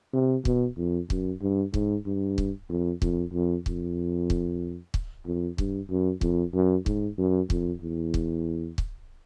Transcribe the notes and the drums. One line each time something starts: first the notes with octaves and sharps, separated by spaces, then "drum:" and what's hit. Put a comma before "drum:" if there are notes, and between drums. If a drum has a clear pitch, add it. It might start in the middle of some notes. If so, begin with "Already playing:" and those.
C3
B2, drum: kick
F2
F#2, drum: kick
G2
G#2, drum: kick
G2
drum: kick
F2
F2, drum: kick
F2
F2, drum: kick
drum: kick
drum: kick
F2
G2, drum: kick
F#2
F2, drum: kick
F#2
G#2, drum: kick
F#2
F2, drum: kick
E2
drum: kick
drum: kick